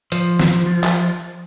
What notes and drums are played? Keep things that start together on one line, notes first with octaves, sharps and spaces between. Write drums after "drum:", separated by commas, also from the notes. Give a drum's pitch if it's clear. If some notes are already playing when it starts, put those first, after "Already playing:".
F3, drum: hi-hat
drum: snare
drum: clap